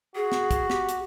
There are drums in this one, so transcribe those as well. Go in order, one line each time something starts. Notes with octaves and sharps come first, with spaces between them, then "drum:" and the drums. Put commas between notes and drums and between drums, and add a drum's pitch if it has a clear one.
F#4 G#4
drum: snare
drum: kick, hi-hat
G4, drum: snare
drum: hi-hat